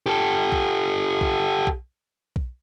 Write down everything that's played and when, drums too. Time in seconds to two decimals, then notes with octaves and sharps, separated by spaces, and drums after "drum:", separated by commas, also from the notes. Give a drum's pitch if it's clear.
0.06 G4 A4
0.52 drum: kick B1
1.21 drum: kick B1
1.67 drum: kick B1
2.36 drum: kick B1